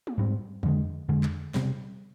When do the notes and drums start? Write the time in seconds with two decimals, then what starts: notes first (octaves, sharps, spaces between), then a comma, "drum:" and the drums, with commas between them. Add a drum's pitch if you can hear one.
0.07 drum: tom
0.18 G#2 G3 C4
0.63 F2 D3 G#3, drum: tom
1.09 F2 D3 G#3
1.23 drum: clap
1.54 C3 G3 C4, drum: snare